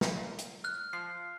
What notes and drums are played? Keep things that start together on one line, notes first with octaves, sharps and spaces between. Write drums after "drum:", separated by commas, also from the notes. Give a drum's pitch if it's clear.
A#2, drum: snare
drum: hi-hat
F6 F#6
F3 C7